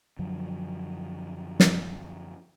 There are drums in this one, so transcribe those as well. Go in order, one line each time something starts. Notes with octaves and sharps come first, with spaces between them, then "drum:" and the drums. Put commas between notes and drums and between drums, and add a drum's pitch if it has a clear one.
F#2 D3 F3 F#3
drum: snare